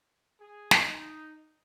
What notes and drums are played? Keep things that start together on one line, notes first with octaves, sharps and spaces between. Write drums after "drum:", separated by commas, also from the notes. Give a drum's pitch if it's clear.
G#4
drum: snare
D#4